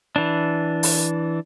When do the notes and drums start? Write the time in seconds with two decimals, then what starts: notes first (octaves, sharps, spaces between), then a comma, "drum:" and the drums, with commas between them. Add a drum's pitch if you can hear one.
0.16 E3 D4
0.83 drum: open hi-hat